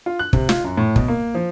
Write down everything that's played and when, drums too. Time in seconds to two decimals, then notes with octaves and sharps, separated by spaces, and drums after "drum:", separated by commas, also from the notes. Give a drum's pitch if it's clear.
0.06 F4
0.19 F#6
0.33 C3, drum: kick
0.49 F4, drum: snare
0.64 F#2
0.77 A2
0.96 B2, drum: kick
1.08 A#3
1.35 F3